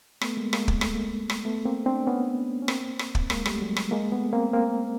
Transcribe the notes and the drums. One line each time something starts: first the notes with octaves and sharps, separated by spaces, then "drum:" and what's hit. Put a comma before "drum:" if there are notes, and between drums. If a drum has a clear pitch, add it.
A3 B3, drum: rim click
G#3 A#3
G#3 A#3, drum: rim click
A#3, drum: kick
A3, drum: rim click
G#3 A#3
drum: rim click
A3 B3
A#3 C4
C4 D4
B3 C#4
C#4
A#3 C4, drum: rim click
drum: rim click
drum: kick
G#3 A#3, drum: rim click
G3 A3, drum: rim click
F#3 G#3
drum: rim click
G#3 A#3
A3 B3
A#3 C4
A#3 C4